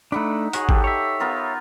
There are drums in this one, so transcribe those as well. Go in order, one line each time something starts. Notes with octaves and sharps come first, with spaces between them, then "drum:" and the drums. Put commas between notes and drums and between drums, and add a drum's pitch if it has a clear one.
A3 D4 D#4 F#5 B5
F#4 G#4 C#5 F#5, drum: hi-hat
G4 A4, drum: kick G#1
C#5 E5
B3 F4 A#4